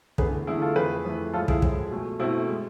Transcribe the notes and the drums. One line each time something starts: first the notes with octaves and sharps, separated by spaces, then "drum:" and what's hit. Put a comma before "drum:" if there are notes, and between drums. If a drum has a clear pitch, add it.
E2 D3 A3 G#4 B4, drum: kick
E2 D3 A3 E4 G#4
F4 A4
F2 E3 A3 G#4 B4
F2 E3 A3
A2 F3 G#3 F4 A4
E4 G#4, drum: kick
A2 F3 G#3, drum: kick
B2 A3
B2 A3 C4 E4
G#3